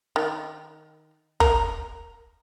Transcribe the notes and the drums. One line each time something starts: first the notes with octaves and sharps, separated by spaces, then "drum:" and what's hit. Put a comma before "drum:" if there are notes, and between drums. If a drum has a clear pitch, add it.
D#3
A#4, drum: kick